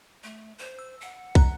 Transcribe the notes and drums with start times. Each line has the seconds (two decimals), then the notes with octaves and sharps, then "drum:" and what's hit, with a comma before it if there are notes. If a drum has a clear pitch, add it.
0.23 A3
0.58 C5
0.79 E6
1.01 F#5
1.35 D#5 A#5 F#6, drum: kick